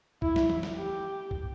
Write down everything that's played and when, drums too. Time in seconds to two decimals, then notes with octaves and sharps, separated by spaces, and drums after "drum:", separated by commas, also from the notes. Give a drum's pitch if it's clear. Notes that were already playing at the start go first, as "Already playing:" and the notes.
0.22 E4, drum: kick B1
0.36 drum: snare
0.50 drum: tom E3
0.63 drum: snare
0.77 G4
1.31 drum: kick B1